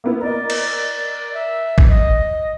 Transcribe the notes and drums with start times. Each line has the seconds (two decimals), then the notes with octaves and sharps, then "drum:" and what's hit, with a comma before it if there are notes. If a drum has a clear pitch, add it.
0.04 A#3 B3 E4
0.21 A#4 D5 D#5
0.50 drum: cymbal
1.34 E5
1.78 drum: kick
1.89 D#5